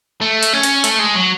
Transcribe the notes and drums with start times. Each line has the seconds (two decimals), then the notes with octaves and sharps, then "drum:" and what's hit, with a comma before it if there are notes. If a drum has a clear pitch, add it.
0.21 A3
0.43 drum: hi-hat
0.53 C#4
0.63 drum: hi-hat
0.84 A3, drum: hi-hat
0.99 G#3
1.15 F#3